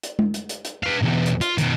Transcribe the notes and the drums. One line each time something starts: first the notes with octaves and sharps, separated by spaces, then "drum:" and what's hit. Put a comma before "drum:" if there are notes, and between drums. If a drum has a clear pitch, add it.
drum: hi-hat
drum: tom G#3
drum: hi-hat
drum: hi-hat
drum: hi-hat
B4 F5
B1 E2
drum: hi-hat
F4, drum: hi-hat
B2 D#3, drum: hi-hat